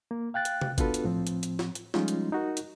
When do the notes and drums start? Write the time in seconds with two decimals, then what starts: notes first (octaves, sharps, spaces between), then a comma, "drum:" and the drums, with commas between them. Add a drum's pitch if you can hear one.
0.11 A#3
0.34 F5 G5 F#6 A6
0.45 drum: hi-hat
0.61 drum: tom C3
0.78 B3 D4 F4 F#4 A4 B4, drum: kick, hi-hat
0.94 drum: hi-hat
1.04 A2 F3 C4
1.27 drum: hi-hat
1.43 drum: hi-hat
1.59 drum: snare
1.75 drum: hi-hat
1.94 F3 G3 G#3 C#4 D#4 F4, drum: snare
2.08 drum: hi-hat
2.32 D#4 F#4 A#4
2.57 drum: hi-hat